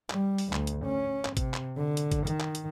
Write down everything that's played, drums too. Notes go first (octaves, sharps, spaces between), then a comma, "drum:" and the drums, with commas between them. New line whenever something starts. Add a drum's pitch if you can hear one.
G3, drum: clap
drum: open hi-hat
D2, drum: clap
drum: hi-hat
C#4
drum: clap
C3, drum: kick, hi-hat
drum: clap
D3
drum: hi-hat
drum: kick, hi-hat
D#3, drum: hi-hat
drum: clap
drum: hi-hat